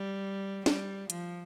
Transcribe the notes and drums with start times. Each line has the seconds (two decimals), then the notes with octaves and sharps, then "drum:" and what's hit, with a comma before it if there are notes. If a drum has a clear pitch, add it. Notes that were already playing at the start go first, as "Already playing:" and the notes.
Already playing: G3
0.66 G3, drum: snare
1.10 F3, drum: hi-hat